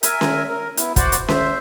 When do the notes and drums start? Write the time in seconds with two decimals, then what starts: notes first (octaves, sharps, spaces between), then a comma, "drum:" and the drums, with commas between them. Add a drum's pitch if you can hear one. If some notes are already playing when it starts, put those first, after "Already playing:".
0.03 A#4 E5 G#5, drum: hi-hat
0.21 drum: snare C#4
0.49 A#4
0.77 B3 E4, drum: hi-hat
0.96 F#4 C5 D5 F#5, drum: kick, hi-hat
1.12 drum: hi-hat
1.28 C5 E5, drum: snare C#4